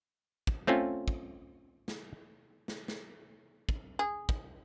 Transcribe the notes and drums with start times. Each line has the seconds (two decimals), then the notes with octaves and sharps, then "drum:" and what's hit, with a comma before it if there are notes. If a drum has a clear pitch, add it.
0.47 drum: kick
0.67 A3 C4 C#4 F4
1.08 drum: kick
1.88 drum: snare
2.68 drum: snare
2.88 drum: snare
3.69 drum: kick
3.99 G#4
4.29 drum: kick